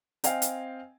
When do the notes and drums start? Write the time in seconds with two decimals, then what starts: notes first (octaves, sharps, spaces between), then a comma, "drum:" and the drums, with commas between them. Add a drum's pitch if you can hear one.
0.24 C4 D#5 F5 G5 G#5, drum: hi-hat
0.42 drum: hi-hat